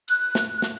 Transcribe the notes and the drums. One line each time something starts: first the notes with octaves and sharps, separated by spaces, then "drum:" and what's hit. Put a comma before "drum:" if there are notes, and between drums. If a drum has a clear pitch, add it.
F#6, drum: cymbal
drum: snare
drum: snare